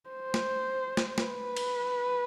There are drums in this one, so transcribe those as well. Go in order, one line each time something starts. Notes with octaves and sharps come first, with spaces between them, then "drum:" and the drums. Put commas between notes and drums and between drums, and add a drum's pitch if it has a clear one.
C5
drum: snare
drum: snare
B4, drum: snare
drum: cymbal